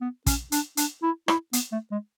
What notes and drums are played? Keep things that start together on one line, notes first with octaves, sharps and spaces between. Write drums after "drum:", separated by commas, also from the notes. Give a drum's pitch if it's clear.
B3
C#4, drum: kick, hi-hat
D4, drum: hi-hat
D4, drum: hi-hat
E4
E4, drum: rim click
B3, drum: hi-hat
A3
G#3